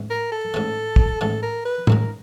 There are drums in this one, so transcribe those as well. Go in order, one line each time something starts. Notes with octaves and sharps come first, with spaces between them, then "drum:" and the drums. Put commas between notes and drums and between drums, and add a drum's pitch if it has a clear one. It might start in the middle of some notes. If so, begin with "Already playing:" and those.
Already playing: A1 G#2 E3
A#4
A4
A1 G#2 E3
drum: kick
A1 G#2 E3 A4
A#4
B4
A1 G#2 E3 A#4, drum: tom